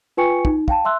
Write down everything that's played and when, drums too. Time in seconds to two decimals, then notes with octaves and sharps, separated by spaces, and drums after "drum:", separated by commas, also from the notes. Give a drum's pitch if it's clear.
0.17 F4 B4 G5 G#5 C#6 C#7
0.45 D#4, drum: kick
0.68 F5 G5 A5, drum: kick
0.85 E5 C6 E6 F#6